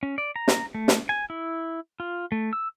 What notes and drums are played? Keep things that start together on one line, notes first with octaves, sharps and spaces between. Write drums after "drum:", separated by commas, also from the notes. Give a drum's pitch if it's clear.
C#4
D5
A#5
drum: snare
A3
drum: snare
G#5
E4
F4
A3
E6